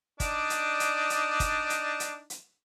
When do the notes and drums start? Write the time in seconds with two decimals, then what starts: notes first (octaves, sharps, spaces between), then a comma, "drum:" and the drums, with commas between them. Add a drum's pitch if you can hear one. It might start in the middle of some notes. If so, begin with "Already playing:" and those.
0.20 D4 D#4 D5, drum: kick, hi-hat
0.50 drum: hi-hat
0.80 drum: hi-hat
1.10 drum: hi-hat
1.40 drum: kick, hi-hat
1.70 drum: hi-hat
2.00 drum: hi-hat
2.30 drum: hi-hat